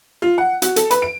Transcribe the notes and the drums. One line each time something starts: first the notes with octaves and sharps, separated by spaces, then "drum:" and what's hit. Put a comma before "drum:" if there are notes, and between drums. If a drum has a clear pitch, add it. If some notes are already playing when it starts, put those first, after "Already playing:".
F4
F#5
F#4, drum: hi-hat
A4, drum: hi-hat
B4, drum: hi-hat
D7